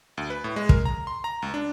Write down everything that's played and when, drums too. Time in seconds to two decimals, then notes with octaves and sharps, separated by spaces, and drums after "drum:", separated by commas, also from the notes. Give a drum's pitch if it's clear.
0.17 D2
0.30 B4
0.44 A2
0.56 G#3
0.69 A#4, drum: kick
0.85 A#5
1.07 C6
1.24 A#5
1.42 C#2
1.54 D4